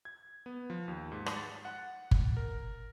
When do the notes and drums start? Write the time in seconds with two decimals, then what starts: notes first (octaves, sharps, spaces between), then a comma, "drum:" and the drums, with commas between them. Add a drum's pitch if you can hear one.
0.05 G#6
0.46 B3
0.70 F3
0.88 D#2
1.12 G#2
1.26 drum: rim click
1.37 A6
1.65 F#5
2.11 drum: kick G1
2.37 A#4